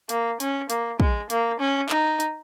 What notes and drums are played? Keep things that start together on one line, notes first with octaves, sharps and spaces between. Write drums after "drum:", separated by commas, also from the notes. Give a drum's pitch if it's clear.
A#3, drum: hi-hat
C#4, drum: hi-hat
A#3, drum: hi-hat
G#3, drum: kick
A#3, drum: hi-hat
C#4
D#4, drum: clap
drum: hi-hat